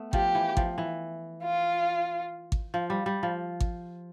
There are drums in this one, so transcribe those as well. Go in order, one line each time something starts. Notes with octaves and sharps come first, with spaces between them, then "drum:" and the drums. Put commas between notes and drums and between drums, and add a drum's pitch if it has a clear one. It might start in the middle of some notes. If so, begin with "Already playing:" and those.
Already playing: A3 B3
F3 G4, drum: kick G#1
E3
F3, drum: kick G#1
E3
F4
drum: kick G#1
F3
G3
G3
F3
drum: kick G#1